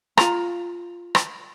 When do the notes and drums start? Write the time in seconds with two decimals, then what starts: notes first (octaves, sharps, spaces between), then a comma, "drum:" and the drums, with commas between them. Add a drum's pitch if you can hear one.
0.17 F4 A#5, drum: rim click
1.15 drum: rim click